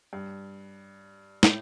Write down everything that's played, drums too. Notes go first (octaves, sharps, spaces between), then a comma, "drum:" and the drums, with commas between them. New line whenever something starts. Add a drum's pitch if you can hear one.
G2
A2, drum: snare